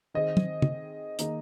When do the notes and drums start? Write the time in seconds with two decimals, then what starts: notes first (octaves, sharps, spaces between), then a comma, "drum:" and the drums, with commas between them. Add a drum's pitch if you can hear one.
0.14 D#3 C4 G#4 D#5
0.37 drum: tom
0.62 drum: tom
1.19 D#3 A#3 D#4 G#4, drum: hi-hat